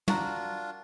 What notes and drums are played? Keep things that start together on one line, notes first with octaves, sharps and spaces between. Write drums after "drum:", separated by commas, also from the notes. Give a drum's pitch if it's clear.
D4 F4 F#4 A#4, drum: tom